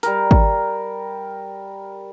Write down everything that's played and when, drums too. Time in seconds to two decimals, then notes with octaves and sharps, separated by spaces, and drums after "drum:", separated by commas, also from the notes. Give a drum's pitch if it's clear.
0.03 G3 A#4, drum: hi-hat
0.31 drum: kick G#1